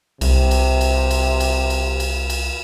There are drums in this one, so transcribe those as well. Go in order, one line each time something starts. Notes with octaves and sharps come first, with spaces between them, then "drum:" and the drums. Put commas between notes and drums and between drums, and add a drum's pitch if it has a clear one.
C2 C3, drum: cymbal
drum: cymbal
drum: cymbal
drum: cymbal
drum: cymbal
drum: cymbal
drum: cymbal
drum: cymbal